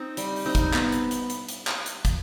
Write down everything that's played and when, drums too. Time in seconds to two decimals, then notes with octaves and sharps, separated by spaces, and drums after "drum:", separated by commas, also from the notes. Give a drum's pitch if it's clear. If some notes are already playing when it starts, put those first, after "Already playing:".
Already playing: C4 D#4
0.17 G3, drum: hi-hat
0.36 drum: open hi-hat
0.46 C4 D#4
0.55 drum: kick, hi-hat
0.74 B3, drum: clap
0.92 drum: hi-hat
1.11 drum: hi-hat
1.30 drum: hi-hat
1.49 drum: hi-hat
1.67 drum: clap
1.86 drum: hi-hat
2.05 drum: kick, hi-hat